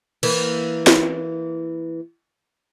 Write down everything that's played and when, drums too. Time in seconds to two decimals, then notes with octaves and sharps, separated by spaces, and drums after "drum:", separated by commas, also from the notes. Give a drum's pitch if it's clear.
0.23 E3 A#3, drum: cymbal
0.87 drum: snare